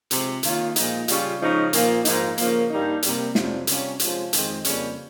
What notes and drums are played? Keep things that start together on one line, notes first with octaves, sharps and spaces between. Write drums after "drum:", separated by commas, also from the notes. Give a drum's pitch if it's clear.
C3 F3 G#3, drum: hi-hat
D#3 A#3 C#4 F4, drum: hi-hat
A#2 F3 G#3 D#4, drum: hi-hat
C#3 G3 C#4 F4, drum: hi-hat
C#3 F3 G#3 D#4
A#2 F3 A#3, drum: hi-hat
G#2 F3 A#3 D#4, drum: hi-hat
C#3 F3 A#3, drum: hi-hat
G2 G3 A#3 D#4
C3 G3 A#3, drum: hi-hat
F2 C3 G3 C#4 F4, drum: snare
C3 G3 C#4 F4, drum: hi-hat
C3 F3 G#3 C#4 F4, drum: hi-hat
F2 D#3 G#3 C4, drum: hi-hat
F2 C#3 G3 A#3 C#4, drum: hi-hat